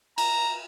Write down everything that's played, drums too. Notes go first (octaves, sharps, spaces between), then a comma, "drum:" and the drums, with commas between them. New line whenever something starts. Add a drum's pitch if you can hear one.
A#5, drum: cymbal